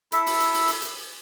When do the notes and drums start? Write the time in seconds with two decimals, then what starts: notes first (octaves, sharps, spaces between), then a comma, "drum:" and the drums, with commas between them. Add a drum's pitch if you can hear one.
0.12 E4 A4 E5, drum: hi-hat
0.26 drum: open hi-hat
0.40 drum: hi-hat
0.54 drum: open hi-hat
0.68 drum: hi-hat
0.82 drum: hi-hat